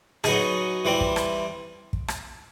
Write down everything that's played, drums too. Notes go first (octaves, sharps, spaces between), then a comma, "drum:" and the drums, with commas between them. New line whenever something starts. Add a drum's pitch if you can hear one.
F#3 B3 D#4 G#4, drum: rim click
E3 G3 C4
drum: kick
drum: rim click
drum: kick
drum: rim click